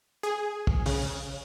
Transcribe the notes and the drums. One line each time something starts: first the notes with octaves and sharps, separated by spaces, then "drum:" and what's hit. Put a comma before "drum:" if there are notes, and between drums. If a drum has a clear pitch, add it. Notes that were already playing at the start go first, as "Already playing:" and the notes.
G#4
drum: kick
C#3, drum: open hi-hat